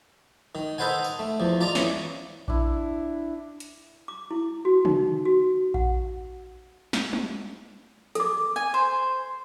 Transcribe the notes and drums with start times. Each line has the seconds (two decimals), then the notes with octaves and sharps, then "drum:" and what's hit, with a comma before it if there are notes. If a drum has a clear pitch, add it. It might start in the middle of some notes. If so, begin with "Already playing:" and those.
0.55 D#3
0.78 D#4 A4 B4 C5 F#5 G#5
1.04 drum: tambourine
1.19 A3
1.40 E2 F3
1.61 F4 D5 D#5 A#5
1.75 E3 C#4, drum: snare
2.48 D4 E4, drum: kick A#1
3.60 drum: hi-hat
4.08 D6
4.31 E4
4.65 F#4
4.85 D#4, drum: tom
5.25 F#4
5.74 F#5, drum: kick A#1
6.93 drum: snare
7.13 drum: tom
8.15 A4 D6, drum: hi-hat
8.56 G#5
8.74 C5